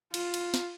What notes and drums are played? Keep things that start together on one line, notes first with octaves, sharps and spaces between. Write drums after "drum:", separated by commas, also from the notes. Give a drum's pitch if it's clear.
F4, drum: cymbal
drum: cymbal
drum: snare